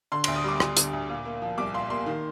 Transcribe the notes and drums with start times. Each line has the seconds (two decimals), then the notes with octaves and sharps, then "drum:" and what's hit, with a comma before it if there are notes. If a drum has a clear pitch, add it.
0.12 D3 C6
0.24 D2 C6, drum: cymbal
0.36 D#6
0.44 G3 D6
0.60 D2, drum: rim click
0.77 D3, drum: hi-hat
0.93 D2
1.09 A#2
1.25 A#3
1.42 F3
1.58 C2 D6
1.74 A#2 C6
1.90 A#3 C6
2.06 D#3